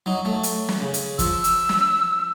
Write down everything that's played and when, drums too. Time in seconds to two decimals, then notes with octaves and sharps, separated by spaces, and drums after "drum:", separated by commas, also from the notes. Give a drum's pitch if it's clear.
0.06 F#3 D#4
0.25 F#3 A3
0.43 drum: hi-hat
0.69 drum: snare
0.82 C#3
0.94 drum: hi-hat
1.19 F3 E6, drum: kick, hi-hat
1.44 drum: hi-hat
1.69 drum: snare